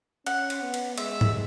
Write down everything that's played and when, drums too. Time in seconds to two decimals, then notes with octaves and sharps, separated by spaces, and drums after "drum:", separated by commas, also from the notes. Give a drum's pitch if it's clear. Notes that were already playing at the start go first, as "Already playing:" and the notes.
0.26 C#4 F#5, drum: cymbal
0.50 drum: cymbal
0.62 B3
0.74 drum: cymbal
0.98 G#3 E5, drum: cymbal
1.21 drum: tom G#2